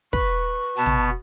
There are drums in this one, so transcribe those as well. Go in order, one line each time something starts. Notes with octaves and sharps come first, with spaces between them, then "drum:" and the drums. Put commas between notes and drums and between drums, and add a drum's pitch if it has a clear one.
B4 C#6, drum: kick
B2 B3 A5
drum: tom